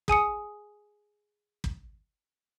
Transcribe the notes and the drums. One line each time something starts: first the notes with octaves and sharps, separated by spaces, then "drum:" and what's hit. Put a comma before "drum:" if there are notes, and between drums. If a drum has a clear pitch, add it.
G#4 G#5 D#6 C#7, drum: kick
drum: kick